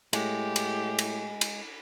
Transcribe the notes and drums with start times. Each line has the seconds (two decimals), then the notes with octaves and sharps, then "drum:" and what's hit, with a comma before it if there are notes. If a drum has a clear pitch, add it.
0.13 A2 G#3 G4, drum: cymbal
0.56 drum: cymbal
0.99 drum: cymbal
1.41 drum: cymbal